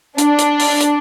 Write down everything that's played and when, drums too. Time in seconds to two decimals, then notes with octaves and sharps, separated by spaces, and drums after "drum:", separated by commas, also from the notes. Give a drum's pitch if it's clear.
0.18 D4, drum: hi-hat
0.39 drum: hi-hat
0.60 drum: open hi-hat
0.81 drum: hi-hat